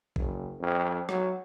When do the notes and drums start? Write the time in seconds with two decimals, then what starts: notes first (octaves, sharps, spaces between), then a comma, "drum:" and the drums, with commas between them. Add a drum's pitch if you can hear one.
0.16 F#1, drum: kick
0.60 F2
1.09 F#3, drum: rim click